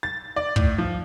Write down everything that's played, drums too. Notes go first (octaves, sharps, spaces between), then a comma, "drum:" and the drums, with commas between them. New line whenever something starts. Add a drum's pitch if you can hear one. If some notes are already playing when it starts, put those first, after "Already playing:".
A6
D5
A2, drum: kick
F3